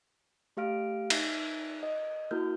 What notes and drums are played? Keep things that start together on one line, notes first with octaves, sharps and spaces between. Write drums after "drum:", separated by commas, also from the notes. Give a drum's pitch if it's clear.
A3 G4 F5 F6 D7
D#4 E5, drum: cymbal
D#5
A#3 E4 F#4 A#4 F6 G6